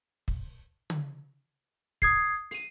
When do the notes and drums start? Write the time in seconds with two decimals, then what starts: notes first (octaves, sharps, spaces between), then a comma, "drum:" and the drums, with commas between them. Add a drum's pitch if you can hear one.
0.28 drum: kick
0.90 drum: tom
2.02 D#6 G#6 C7, drum: kick
2.51 C7 D#7, drum: open hi-hat